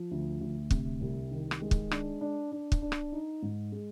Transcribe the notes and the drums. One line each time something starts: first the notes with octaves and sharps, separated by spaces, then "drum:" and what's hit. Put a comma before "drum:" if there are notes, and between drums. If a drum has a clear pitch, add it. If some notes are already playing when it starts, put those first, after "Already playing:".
Already playing: F3
D2
D2
C3, drum: kick
C2
D#3
drum: rim click
G#3
drum: kick
D4, drum: rim click
D4
D4
drum: kick
D4
drum: rim click
D#4
G#2
G#3